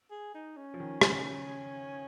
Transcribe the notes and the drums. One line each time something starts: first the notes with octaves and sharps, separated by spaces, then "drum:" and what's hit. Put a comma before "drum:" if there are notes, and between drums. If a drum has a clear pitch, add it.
G#4
D#4
C#4
F3
D#3
C#3, drum: rim click